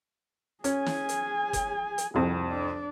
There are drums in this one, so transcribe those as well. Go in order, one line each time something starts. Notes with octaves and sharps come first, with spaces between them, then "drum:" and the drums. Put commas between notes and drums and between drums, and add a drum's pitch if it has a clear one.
C#4 G#4 G#5, drum: hi-hat
drum: snare
drum: hi-hat
drum: kick F#1, hi-hat
drum: hi-hat
C2 F2 C4 G#4
D4 D5